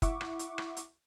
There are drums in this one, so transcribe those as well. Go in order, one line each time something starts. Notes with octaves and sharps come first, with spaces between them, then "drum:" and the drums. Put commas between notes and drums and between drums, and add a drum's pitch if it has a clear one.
E4 E5 F#5 C#6 D6, drum: kick, hi-hat
drum: rim click
drum: hi-hat
drum: rim click
drum: hi-hat